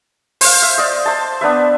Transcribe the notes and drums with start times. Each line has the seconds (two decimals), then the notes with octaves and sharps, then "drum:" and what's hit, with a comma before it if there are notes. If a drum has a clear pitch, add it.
0.41 C5 F5, drum: open hi-hat
0.62 E5
0.78 D5 D#5
1.06 C5 E5 A5
1.41 B3 D4 B4 E5